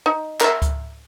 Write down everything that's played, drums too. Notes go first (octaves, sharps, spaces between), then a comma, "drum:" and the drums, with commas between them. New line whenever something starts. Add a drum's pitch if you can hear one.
D#4
A#4 E5, drum: clap
drum: kick C#2, hi-hat